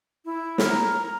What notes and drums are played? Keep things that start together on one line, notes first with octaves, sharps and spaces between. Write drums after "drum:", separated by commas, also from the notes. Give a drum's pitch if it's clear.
E4
A#4, drum: snare
A#5